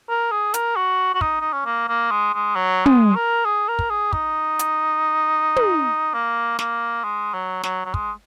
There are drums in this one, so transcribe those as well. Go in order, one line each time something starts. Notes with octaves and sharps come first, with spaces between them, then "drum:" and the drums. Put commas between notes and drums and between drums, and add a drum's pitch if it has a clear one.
A#4
G#4
A#4, drum: hi-hat
F#4
F#4
D#4, drum: kick
D#4
C#4
A#3
A#3
G#3
G#3
F#3
G#3, drum: tom
A#4
G#4
A#4
drum: kick
G#4
D#4, drum: kick
drum: hi-hat
drum: tom
A#3
A#3, drum: snare
G#3
F#3
F#3, drum: snare
F#3
G#3, drum: kick